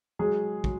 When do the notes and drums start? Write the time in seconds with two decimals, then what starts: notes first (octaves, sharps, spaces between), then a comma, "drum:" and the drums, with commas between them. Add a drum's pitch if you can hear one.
0.19 F#3 G#3 G#4
0.64 F#3, drum: kick